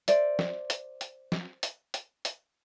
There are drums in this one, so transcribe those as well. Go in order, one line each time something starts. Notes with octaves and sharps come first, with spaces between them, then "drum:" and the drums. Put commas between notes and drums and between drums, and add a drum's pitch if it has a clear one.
C5 D5 E5, drum: hi-hat
drum: snare
drum: hi-hat
drum: hi-hat
drum: snare
drum: hi-hat
drum: hi-hat
drum: hi-hat